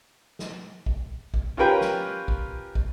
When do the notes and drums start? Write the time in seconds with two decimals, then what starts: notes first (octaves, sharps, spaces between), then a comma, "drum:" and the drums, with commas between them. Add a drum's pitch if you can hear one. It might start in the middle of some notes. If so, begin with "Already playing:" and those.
0.39 drum: snare
0.86 drum: kick
1.34 drum: kick
1.57 C#4 F4 G4 A#4 B4 G5
1.81 drum: snare
2.28 drum: kick
2.75 drum: kick